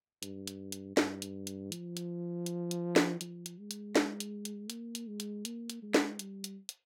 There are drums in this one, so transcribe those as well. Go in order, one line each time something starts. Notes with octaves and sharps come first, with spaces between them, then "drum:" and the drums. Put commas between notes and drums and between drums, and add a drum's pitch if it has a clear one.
G2, drum: hi-hat
drum: hi-hat
drum: hi-hat
G2, drum: snare
drum: hi-hat
drum: hi-hat
F3, drum: hi-hat
drum: hi-hat
drum: hi-hat
drum: hi-hat
drum: snare
F3, drum: hi-hat
drum: hi-hat
G#3
drum: hi-hat
drum: snare
drum: hi-hat
drum: hi-hat
A#3, drum: hi-hat
drum: hi-hat
G#3
drum: hi-hat
A#3, drum: hi-hat
drum: hi-hat
G#3
drum: snare
G3, drum: hi-hat
drum: hi-hat
drum: hi-hat